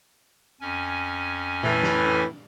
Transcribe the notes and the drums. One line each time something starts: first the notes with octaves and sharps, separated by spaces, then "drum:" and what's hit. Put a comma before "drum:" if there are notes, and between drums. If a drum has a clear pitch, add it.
F2 C#4 G#5
A2 E3, drum: tom A#2
drum: snare